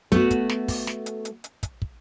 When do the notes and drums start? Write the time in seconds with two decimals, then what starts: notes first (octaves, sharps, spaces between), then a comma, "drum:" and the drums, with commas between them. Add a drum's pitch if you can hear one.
0.12 A3 B3 F#4, drum: kick, hi-hat
0.31 drum: kick, hi-hat
0.49 drum: snare
0.68 drum: kick, open hi-hat
0.87 drum: snare
1.06 drum: hi-hat
1.25 drum: hi-hat
1.44 drum: hi-hat
1.63 drum: kick, hi-hat
1.82 drum: kick